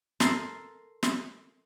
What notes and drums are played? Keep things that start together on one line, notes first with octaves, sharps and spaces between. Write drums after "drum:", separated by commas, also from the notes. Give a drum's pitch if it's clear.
A4 A#4 C6, drum: snare
drum: snare